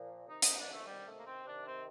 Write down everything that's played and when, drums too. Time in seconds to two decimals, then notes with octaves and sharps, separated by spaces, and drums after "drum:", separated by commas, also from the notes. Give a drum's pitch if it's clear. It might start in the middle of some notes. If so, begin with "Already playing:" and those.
Already playing: A#2 F3
0.27 C3 D#3 D#4
0.42 D#4, drum: hi-hat
0.58 D4
0.72 A3
0.86 G3
1.06 A3
1.17 A#3
1.25 C4
1.45 C3 D#3 D4
1.65 C4